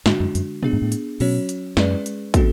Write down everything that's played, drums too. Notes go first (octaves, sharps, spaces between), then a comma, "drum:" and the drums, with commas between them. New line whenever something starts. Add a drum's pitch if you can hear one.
G#2 D3 G#3 D4 F#4, drum: snare
F#2
F#2, drum: hi-hat
B3 D4 G#4, drum: tom
G#2
A2
drum: hi-hat
B2 F#3 C#4 F#4 C#5, drum: open hi-hat
drum: hi-hat
F#2 G#3 C#4 G#4 B4 D5, drum: snare
drum: hi-hat
B3 D4 F#4 A4, drum: kick, hi-hat